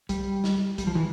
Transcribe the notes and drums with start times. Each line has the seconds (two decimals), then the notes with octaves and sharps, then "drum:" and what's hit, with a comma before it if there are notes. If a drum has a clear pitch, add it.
0.09 G3, drum: kick, hi-hat
0.44 drum: snare
0.78 G3, drum: kick, hi-hat
0.87 F3
0.95 E3